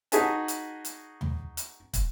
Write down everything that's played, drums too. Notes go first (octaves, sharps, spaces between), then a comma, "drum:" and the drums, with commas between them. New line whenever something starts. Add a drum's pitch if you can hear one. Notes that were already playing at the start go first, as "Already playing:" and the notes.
D#4 F#4 G#4 B4 G#5 A5, drum: hi-hat
drum: hi-hat
drum: hi-hat
drum: tom D#2
drum: hi-hat
drum: kick, hi-hat